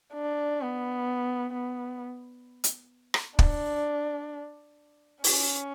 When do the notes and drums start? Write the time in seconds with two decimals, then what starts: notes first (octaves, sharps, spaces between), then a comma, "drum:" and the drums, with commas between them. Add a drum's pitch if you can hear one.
0.14 D4
0.61 B3
1.53 B3
2.64 drum: hi-hat
3.14 drum: rim click
3.39 D4, drum: kick
5.24 C#4, drum: open hi-hat